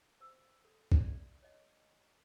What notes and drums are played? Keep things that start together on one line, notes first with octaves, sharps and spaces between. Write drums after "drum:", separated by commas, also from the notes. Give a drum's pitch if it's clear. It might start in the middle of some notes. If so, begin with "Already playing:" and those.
C5 E6
A4
D5 E5, drum: kick A1
C#5 D#5